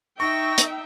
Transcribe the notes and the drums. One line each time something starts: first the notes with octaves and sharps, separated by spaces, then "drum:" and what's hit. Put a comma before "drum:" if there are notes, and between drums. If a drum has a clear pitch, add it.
D#4 E5 G5 C#6 A#6
drum: hi-hat